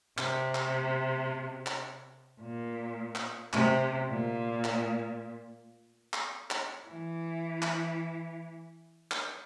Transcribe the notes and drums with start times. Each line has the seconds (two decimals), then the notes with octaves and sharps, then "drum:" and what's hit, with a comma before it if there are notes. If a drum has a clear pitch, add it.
0.18 C3, drum: clap
0.55 drum: clap
1.66 drum: clap
2.40 A#2
3.15 drum: clap
3.53 C3, drum: clap
4.09 A#2
4.64 drum: clap
6.13 drum: clap
6.51 drum: clap
6.88 E3
7.62 drum: clap
9.11 drum: clap